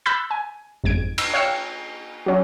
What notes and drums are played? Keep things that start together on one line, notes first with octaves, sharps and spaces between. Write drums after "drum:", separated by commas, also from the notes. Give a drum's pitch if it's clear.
B5 E6 F#6 G6 A6 B6
G#5
G1 F2 G#2 G#6 D7
E6, drum: cymbal
C#5 F5 G5 E6 F6 C#7
F#3 C#4 F#4